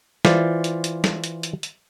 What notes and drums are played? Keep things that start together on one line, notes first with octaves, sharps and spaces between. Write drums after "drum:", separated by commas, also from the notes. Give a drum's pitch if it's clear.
E3 F4 C5 D5, drum: snare
drum: hi-hat
drum: hi-hat
drum: snare
drum: hi-hat
drum: hi-hat
drum: hi-hat